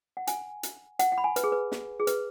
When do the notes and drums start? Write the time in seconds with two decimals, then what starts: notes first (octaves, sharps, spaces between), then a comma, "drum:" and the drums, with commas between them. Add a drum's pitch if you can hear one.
0.17 F#5
0.27 G#5, drum: hi-hat
0.63 drum: hi-hat
0.99 F#5, drum: hi-hat
1.12 F#5
1.18 B5
1.24 G#5
1.36 B4, drum: hi-hat
1.44 G#4
1.52 B4
1.72 drum: snare
2.00 G#4
2.07 B4, drum: hi-hat